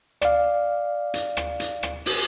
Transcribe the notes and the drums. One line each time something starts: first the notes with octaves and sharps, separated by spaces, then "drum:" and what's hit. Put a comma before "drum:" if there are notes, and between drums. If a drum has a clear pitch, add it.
D5 F5, drum: rim click
drum: hi-hat
drum: rim click
drum: hi-hat
drum: rim click
drum: open hi-hat